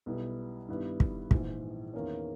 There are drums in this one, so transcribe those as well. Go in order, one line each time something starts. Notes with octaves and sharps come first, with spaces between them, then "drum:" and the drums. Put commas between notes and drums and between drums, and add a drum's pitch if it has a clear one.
B1 B2 G3 B3 E4
G2 D#3 G3 B3 E4
drum: kick
A#1 G#2 E3, drum: kick
E2 D#3 A#3 C#4